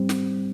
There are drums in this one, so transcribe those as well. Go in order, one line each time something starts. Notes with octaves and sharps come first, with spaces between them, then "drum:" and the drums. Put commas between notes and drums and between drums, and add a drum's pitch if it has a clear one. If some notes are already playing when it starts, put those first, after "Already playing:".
Already playing: G3 C4
drum: snare